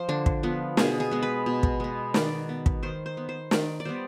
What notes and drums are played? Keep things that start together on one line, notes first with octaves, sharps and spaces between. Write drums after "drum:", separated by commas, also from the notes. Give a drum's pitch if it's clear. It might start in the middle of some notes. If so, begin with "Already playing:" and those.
Already playing: F3 C5
D3 D4
drum: kick
F3 B3
B2 G#4, drum: snare
G#4
G#3 B3
B4
B2
drum: kick
G#3 B3
D#3 D5, drum: snare
B3
drum: kick
D#3 C5
C5
B3
C5
D#3 D5, drum: snare
D5
G3 B3 C5